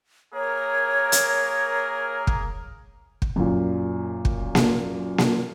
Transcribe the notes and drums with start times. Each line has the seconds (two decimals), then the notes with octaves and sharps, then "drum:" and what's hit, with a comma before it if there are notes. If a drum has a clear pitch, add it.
0.34 A#3 G#4 A#4 C#5
1.12 drum: hi-hat
2.27 drum: kick
3.22 drum: kick
3.36 F#2 A#2
4.25 drum: kick
4.55 drum: snare A#3
5.18 drum: snare A#3